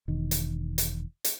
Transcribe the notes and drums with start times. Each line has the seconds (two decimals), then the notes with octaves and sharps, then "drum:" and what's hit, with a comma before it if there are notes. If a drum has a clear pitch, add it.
0.08 E1 D#3
0.31 drum: hi-hat
0.78 drum: hi-hat
1.25 drum: hi-hat